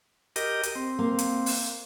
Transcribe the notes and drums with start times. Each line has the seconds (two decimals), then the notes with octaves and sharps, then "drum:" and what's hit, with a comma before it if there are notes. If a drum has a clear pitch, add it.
0.36 G4 A#4 D#5, drum: hi-hat
0.63 drum: hi-hat
0.75 C4
0.99 A#3
1.19 drum: hi-hat
1.46 drum: open hi-hat